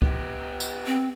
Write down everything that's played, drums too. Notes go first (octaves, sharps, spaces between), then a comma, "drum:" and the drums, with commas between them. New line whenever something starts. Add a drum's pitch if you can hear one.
B3 G4, drum: kick
drum: tambourine
C4